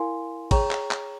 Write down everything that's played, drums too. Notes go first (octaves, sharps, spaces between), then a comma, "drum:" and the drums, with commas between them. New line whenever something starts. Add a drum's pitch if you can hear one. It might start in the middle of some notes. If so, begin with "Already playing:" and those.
Already playing: E4 A#4 F5 G#5 C6
G#4 C#5 G5 A#5 C#6, drum: kick, cymbal
drum: clap
drum: clap